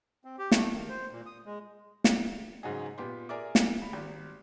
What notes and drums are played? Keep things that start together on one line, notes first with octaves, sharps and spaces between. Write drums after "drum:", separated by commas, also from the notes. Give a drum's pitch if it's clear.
C4
G4
A3, drum: snare
D#3
C5
A#2
D#6
G#3
drum: snare
G#2 C#3 F#3 D#4 G#4
A#2 B3 G4 C6
G#4 A#4 D5 E5 D6
drum: snare
B5
G#1 G3